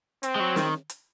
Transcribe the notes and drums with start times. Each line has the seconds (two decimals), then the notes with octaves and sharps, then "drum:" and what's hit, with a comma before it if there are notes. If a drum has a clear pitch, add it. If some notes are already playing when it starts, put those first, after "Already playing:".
0.23 C4, drum: hi-hat
0.36 G#3
0.40 F#3
0.56 D#3, drum: snare
0.90 drum: hi-hat